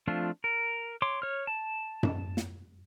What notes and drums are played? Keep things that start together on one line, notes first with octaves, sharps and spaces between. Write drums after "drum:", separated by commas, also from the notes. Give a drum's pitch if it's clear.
F3 A3 C4 D4 F4
A#4
C#5 C6 D6
C#5 F6
A5
drum: tom F#2
drum: snare